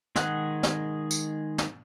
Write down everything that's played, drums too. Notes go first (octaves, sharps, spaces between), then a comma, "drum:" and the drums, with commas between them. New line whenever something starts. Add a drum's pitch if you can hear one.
D#3 G#3 G#4 F#5 F#6, drum: snare
drum: snare
drum: tambourine
drum: snare